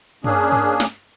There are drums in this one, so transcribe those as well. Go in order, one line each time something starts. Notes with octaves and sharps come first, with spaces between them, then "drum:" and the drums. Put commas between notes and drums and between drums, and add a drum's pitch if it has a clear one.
A#3 C#4 D4 G#4, drum: tom
drum: tom G2
drum: snare